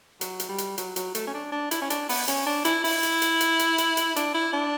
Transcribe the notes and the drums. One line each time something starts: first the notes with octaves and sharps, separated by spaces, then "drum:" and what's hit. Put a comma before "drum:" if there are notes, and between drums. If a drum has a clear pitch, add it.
F#3, drum: hi-hat
drum: hi-hat
G3
drum: hi-hat
F#3, drum: hi-hat
F#3, drum: hi-hat
A3, drum: hi-hat
C#4
D4
D4
E4, drum: hi-hat
C#4
D4, drum: hi-hat
B3, drum: open hi-hat
C#4, drum: hi-hat
D4
E4, drum: hi-hat
E4, drum: open hi-hat
drum: hi-hat
drum: hi-hat
drum: hi-hat
drum: hi-hat
drum: hi-hat
drum: hi-hat
D4, drum: hi-hat
E4
D4